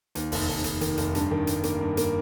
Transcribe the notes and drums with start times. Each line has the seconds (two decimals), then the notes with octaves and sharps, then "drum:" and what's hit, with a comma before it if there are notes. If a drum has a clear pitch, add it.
0.15 D#2, drum: hi-hat
0.32 F1, drum: open hi-hat
0.49 F1
0.64 F1, drum: hi-hat
0.81 D#3, drum: hi-hat
0.97 F1, drum: hi-hat
1.15 G2, drum: hi-hat
1.31 D#3
1.47 G2, drum: hi-hat
1.63 A#3, drum: hi-hat
1.81 G2
1.97 A#3, drum: hi-hat